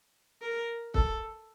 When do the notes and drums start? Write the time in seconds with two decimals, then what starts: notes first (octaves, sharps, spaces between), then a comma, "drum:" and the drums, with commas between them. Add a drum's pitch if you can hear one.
0.42 A#4
0.94 A4, drum: kick